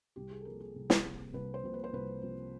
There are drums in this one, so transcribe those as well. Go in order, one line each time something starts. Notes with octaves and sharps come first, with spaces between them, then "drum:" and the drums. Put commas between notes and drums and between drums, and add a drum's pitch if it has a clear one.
C2 G4
G#4
A4
C3 F3 A#3 A#4
G#4
C2
drum: snare
C3 F3 A#3
C2 B4
C5
C3 F3 A#3
B4
C5
C2 B4
C3 F3 A#3